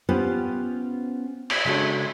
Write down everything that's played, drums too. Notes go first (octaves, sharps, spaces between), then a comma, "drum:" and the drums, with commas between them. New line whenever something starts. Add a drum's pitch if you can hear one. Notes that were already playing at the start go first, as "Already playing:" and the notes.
B3 C#4 F4 G4 B4 C5
drum: cymbal
C#3 G#3 D4 F#4 G#4 A4